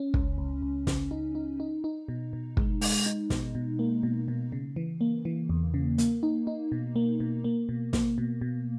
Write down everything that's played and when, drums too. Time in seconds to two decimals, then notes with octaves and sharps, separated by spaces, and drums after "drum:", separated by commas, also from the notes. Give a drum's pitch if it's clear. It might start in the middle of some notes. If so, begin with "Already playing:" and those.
Already playing: C#4
0.14 C#2, drum: kick
0.38 C#2
0.62 C#2
0.87 C#3, drum: snare
1.11 D#4
1.35 D#4
1.60 D#4
1.84 D#4
2.08 B2
2.33 B2
2.57 G#3, drum: kick
2.81 G#3, drum: open hi-hat
3.06 D#4
3.30 B2, drum: snare
3.55 B2
3.79 A#3
4.03 B2
4.28 B2
4.52 C#3
4.76 E3
5.01 A#3
5.25 E3
5.49 E2
5.74 C#3
5.98 A#3, drum: hi-hat
6.23 D#4
6.47 D#4
6.72 B2
6.96 A#3
7.20 B2
7.44 A#3
7.69 B2
7.93 A#3, drum: snare
8.18 B2
8.41 B2